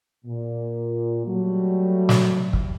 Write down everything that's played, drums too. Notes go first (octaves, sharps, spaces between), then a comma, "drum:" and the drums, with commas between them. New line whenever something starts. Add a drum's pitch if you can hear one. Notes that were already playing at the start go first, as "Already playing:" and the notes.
A#2
F#3 G3 A3 F#4
drum: snare
drum: kick